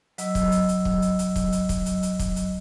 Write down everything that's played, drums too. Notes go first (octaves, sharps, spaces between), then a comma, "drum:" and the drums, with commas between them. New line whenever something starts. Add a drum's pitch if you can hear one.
F#3 D#5 E6, drum: hi-hat
drum: kick, hi-hat
drum: hi-hat
drum: hi-hat
drum: kick
drum: hi-hat
drum: hi-hat
drum: kick, hi-hat
drum: hi-hat
drum: kick, hi-hat
drum: hi-hat
drum: hi-hat
drum: kick, hi-hat
drum: hi-hat